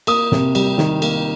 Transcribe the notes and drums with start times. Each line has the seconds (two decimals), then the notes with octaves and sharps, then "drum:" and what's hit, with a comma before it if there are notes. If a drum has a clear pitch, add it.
0.07 A#3 D#6, drum: cymbal
0.32 C3, drum: snare
0.55 G3, drum: cymbal
0.78 D#3, drum: snare
1.02 A#3, drum: cymbal